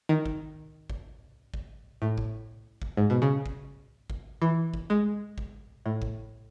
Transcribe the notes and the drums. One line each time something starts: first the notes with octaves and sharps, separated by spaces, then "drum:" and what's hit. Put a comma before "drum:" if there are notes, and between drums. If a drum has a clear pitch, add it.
D#3
drum: kick G#1
drum: kick G#1
drum: kick G#1
A2
drum: kick G#1
drum: kick G#1
G#2
B2
C#3
drum: kick G#1
drum: kick G#1
E3
drum: kick G#1
G#3
drum: kick G#1
A2
drum: kick G#1